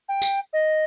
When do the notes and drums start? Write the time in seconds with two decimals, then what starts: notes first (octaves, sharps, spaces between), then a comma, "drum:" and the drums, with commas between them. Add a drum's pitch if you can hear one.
0.08 G5
0.22 drum: tambourine
0.53 D#5